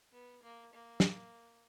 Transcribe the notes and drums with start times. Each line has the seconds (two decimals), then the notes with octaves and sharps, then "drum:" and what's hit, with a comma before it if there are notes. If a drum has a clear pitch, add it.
0.13 B3
0.42 A#3
0.73 A#3
1.00 drum: snare